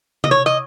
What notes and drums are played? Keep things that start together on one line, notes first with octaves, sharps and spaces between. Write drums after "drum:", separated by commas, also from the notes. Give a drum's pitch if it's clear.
D#5, drum: tom C3
C#5
D#5